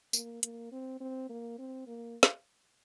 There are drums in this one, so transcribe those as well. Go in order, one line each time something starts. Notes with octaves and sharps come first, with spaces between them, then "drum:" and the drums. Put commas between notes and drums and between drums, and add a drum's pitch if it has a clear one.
A#3, drum: tambourine
A#3, drum: hi-hat
C4
C4
A#3
C4
A#3
drum: snare